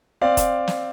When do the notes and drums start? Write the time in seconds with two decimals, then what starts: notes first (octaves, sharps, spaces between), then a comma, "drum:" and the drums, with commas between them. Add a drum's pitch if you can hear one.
0.21 C4 D5 F5
0.37 drum: kick F1, hi-hat
0.68 drum: snare